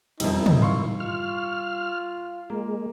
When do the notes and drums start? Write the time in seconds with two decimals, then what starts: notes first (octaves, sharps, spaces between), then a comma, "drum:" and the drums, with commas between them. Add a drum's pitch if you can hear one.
0.20 E1 F2 D#3 G3 D#4 E4, drum: cymbal
0.46 drum: tom
0.61 F5 C6 C#6
1.00 F4 F6
2.50 G#3 A#3